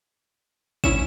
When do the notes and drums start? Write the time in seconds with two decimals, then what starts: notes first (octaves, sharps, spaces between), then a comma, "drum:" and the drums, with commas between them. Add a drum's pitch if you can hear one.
0.84 D2 C#4 E4 E7, drum: kick